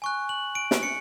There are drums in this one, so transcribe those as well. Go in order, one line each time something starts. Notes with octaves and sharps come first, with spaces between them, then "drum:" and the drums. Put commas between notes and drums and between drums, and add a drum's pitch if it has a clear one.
G#5 C#6 F#6
F#7
D7
drum: snare
C#7